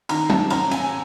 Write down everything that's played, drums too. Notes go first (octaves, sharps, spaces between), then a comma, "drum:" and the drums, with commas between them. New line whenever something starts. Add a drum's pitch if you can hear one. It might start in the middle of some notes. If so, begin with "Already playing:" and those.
D#3 A#5, drum: cymbal
C4 A5, drum: tom F#3
C#4 A#5, drum: cymbal
C#4 G#5, drum: cymbal